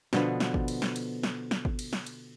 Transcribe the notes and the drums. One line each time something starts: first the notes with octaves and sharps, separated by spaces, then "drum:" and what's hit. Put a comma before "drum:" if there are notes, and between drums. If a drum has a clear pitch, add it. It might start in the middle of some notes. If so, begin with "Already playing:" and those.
B2 D3 F3 B3, drum: snare
drum: snare
drum: kick G1
drum: cymbal
drum: snare
drum: cymbal
drum: snare
drum: snare
drum: kick G1
drum: cymbal
drum: snare
drum: cymbal